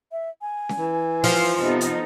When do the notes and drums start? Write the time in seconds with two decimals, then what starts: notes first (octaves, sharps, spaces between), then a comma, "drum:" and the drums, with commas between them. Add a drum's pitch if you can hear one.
0.12 E5
0.41 G#5
0.69 drum: snare C#4
0.79 E3
1.24 F3 C5 F5, drum: open hi-hat
1.61 C3 B3 D#4 A4
1.81 drum: hi-hat